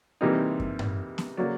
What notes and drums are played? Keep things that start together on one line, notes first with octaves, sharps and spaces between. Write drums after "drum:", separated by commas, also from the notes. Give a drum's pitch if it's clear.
C3 E3 G3 A#3 D#4
drum: kick F#2
drum: tom G2
drum: snare B3
C#3 F#3 A#3 D5